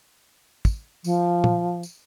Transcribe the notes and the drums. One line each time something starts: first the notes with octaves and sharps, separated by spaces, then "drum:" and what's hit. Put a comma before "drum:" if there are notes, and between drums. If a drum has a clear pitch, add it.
drum: kick, tambourine
F3, drum: tambourine
drum: tom
drum: tambourine